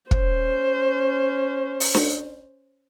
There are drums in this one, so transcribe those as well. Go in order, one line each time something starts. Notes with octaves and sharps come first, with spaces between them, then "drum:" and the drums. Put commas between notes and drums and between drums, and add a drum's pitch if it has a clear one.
C#4 C5, drum: kick
drum: open hi-hat
drum: snare D4